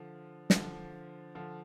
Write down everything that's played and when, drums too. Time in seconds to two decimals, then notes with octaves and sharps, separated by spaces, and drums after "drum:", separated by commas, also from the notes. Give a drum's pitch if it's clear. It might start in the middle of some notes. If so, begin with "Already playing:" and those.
Already playing: D3 F3
0.50 D3 F3, drum: snare
1.35 D3 F3